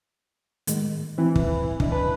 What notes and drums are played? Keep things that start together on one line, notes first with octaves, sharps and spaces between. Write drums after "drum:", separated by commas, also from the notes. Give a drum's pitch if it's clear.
A2 D#3 G#3, drum: hi-hat
E3 C4 E4
drum: kick
D4 E4 D#5, drum: kick
B4 A5